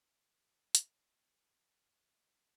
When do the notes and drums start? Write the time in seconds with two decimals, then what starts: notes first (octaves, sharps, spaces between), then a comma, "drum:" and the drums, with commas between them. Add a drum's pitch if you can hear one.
0.75 drum: hi-hat
1.50 A3 B5
1.68 D4 D6 D7 G7
1.90 F#5
2.05 E5 B5 D#6 E7
2.32 F4 C5 D5 F5